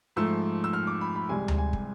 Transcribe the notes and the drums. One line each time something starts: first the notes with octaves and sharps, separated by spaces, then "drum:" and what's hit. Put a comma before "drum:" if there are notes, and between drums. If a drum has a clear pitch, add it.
G#2 F3 A3 E6
E6
F6
D6
B5
B5
C2 C3 G#3 G#5
drum: tom D2
G#5
drum: kick